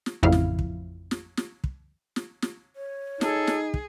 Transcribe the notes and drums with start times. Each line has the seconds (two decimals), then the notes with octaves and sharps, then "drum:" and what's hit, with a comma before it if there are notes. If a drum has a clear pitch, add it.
0.06 drum: snare
0.23 A1 F2 C#3 E4 F5
0.32 drum: snare
0.59 drum: kick
1.11 drum: snare
1.37 drum: snare
1.64 drum: kick
2.16 drum: snare
2.42 drum: snare
2.76 C#5
3.21 D#4 G#4 A4, drum: snare
3.47 drum: snare
3.74 drum: kick